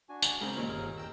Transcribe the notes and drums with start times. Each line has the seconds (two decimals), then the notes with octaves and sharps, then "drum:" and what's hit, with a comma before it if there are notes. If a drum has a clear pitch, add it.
0.09 D4 F#4 G#5
0.22 drum: tambourine
0.41 C#3 G#3 C4 A#4
0.56 D#2 A#2 A#3 C#4
0.69 G1 G#4 A#4 F5 F6
0.98 E2 G5 A#5 E6